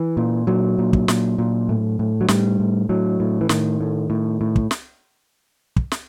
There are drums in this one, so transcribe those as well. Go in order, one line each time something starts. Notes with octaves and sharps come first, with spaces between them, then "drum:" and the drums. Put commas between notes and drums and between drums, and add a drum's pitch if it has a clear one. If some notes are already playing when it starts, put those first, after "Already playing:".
Already playing: E3
A#2
A#2 F#3
A#2
drum: kick
A#2, drum: snare
A#2
A2
A2
F#3
A2 G3, drum: snare
A2
A2 F#3
A2
E3
A2 D#3, drum: snare
A2
A2
A2
drum: kick
drum: snare
drum: kick
drum: snare